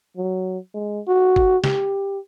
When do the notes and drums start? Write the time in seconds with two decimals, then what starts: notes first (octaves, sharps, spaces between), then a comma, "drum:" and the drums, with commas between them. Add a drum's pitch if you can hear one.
0.17 F#3
0.74 G#3
1.08 F#4
1.36 drum: kick G1
1.64 G4, drum: snare